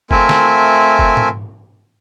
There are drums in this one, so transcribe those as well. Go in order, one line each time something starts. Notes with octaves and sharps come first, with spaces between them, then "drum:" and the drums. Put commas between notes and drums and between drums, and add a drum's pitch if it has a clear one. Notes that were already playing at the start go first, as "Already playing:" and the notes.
A3 C4 F4 A#4 E5 G#5, drum: kick F#1
drum: snare
drum: kick F#1
drum: tom G#2